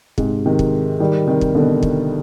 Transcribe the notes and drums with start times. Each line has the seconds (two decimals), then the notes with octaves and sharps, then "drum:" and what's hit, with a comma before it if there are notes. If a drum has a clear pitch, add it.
0.18 G#2 C3, drum: kick
0.46 C3 D#3
0.59 drum: kick
1.00 D#3 G3
1.27 C3 D#3
1.41 drum: kick
1.55 B2 D3
1.83 drum: kick